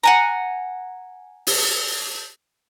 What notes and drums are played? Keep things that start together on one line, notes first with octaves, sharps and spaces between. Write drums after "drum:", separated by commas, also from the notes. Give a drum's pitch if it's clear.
F#5 G#5 A#5
drum: open hi-hat